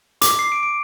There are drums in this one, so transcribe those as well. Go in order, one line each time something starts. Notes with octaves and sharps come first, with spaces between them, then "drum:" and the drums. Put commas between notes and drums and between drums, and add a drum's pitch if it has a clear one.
D6, drum: hi-hat
C7
D7
D7